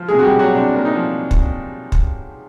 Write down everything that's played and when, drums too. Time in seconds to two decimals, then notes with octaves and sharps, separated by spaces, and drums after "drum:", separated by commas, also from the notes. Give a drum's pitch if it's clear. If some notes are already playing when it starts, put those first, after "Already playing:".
Already playing: F3
0.08 G#3 G#4
0.13 C3
0.19 F#4
0.23 G3 G4
0.33 C3
0.39 F#3 F#4
0.54 C3 D4
0.75 A#3
0.85 D#4
0.95 F3
1.31 drum: kick
1.92 drum: kick